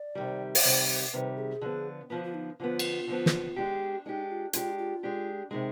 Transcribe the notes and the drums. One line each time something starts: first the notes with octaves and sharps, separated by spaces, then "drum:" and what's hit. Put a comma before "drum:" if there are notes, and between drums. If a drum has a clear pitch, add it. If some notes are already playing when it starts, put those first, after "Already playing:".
Already playing: D5
C3 D#3 G3
drum: open hi-hat
C3 D#3 G3 C5
C3 D#3 G3 B4
G#4
D3 F3 B3
D3 F3 B3 F4
F4
D#4
D3 F3 B3 F4
drum: cymbal
D3 F3 B3
drum: snare
G#3 D4 G4
G#3 D4 D#4 G4
F4
G#3 D4 F4 G4, drum: hi-hat
F4
G#3 D4 G4
C3 D#3 G#3 D#4